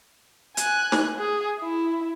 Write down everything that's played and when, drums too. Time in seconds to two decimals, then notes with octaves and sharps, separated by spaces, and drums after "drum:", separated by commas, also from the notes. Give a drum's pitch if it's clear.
0.57 G#5 F#6, drum: hi-hat
0.92 drum: snare
1.19 G#4
1.60 E4